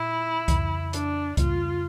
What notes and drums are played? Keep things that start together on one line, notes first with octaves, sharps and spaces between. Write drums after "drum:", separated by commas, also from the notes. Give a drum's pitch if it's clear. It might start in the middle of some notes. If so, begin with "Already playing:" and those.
Already playing: A#2 E4
F2 C#3 E3, drum: kick C#2, hi-hat
D4, drum: hi-hat
F2 C#3 G3 A#3 F4, drum: kick C#2, hi-hat